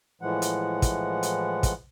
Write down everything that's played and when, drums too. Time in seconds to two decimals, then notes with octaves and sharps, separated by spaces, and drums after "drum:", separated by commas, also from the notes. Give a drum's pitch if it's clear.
0.22 A2 E3 F3 G#3 F#5
0.42 drum: hi-hat
0.82 drum: kick, hi-hat
1.23 drum: hi-hat
1.63 drum: kick, hi-hat